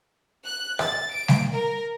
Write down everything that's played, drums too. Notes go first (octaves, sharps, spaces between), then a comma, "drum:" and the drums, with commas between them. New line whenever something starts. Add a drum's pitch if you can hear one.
F#6
A6, drum: rim click
D7
drum: snare G3
A#4